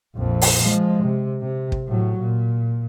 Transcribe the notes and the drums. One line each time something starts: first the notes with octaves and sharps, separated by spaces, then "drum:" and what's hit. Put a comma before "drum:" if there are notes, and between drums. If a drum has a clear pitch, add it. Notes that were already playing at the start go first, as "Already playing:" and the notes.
A#1 F2
drum: open hi-hat
F3 G#3
C3
C3
drum: kick
A2 F#3
A#2